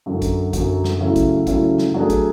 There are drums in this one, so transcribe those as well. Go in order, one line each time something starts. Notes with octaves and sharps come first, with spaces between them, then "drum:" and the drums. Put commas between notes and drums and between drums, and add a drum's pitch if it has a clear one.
F#2 D3 F#3
drum: kick, hi-hat
F#2 D3 F#3, drum: kick, hi-hat
drum: snare
C#3 F#3 A3 C#4 E4
drum: kick, hi-hat
C#3 F#3 A3 C#4 E4, drum: kick, hi-hat
drum: snare
F#3 A3 D4 G#4
drum: kick, hi-hat